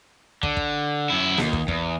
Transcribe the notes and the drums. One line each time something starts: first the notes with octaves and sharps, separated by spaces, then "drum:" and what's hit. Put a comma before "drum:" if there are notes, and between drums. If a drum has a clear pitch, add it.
D3, drum: kick
drum: kick
F#2 E4
D#2, drum: snare A#3
drum: kick
E2, drum: kick